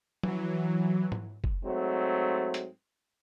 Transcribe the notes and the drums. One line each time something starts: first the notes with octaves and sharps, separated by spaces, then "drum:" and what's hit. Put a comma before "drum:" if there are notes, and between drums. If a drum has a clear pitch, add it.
E3 F#3, drum: tom
drum: tom G#2
drum: kick
G#2 F#3 A3 C4
drum: hi-hat